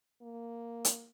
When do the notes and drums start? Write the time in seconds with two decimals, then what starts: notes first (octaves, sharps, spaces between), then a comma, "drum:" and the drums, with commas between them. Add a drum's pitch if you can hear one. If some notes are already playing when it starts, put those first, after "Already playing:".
0.22 A#3
0.85 drum: hi-hat